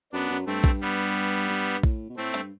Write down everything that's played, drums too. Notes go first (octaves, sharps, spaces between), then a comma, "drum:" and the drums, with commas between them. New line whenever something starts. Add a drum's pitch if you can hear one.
F#2 B3 D4
F#2
G2 A3 C4
G2, drum: kick
G3 B3
G2
A2, drum: kick
B2
A2 A3 C4
G2, drum: hi-hat